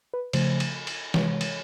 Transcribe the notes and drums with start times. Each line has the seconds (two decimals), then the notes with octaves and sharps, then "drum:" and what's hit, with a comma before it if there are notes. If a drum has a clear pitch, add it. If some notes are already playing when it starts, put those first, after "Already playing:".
0.14 B4
0.33 C#3 F3 A3 C5, drum: cymbal
0.60 drum: cymbal
0.87 drum: cymbal
1.14 C3 E3 G#3 C#5, drum: snare
1.41 drum: cymbal